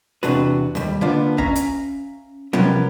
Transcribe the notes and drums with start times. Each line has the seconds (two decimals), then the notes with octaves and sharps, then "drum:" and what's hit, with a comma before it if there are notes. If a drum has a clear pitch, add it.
0.23 E2 C3 D4 F#4 B4, drum: snare
0.75 D#2 G3, drum: snare
1.01 D3 A#3 B3 D4 F4
1.38 C#4 E5 F5 A#5, drum: kick
1.56 drum: hi-hat
2.53 C3 G3 B3 C#4 F4 A#4, drum: tom F3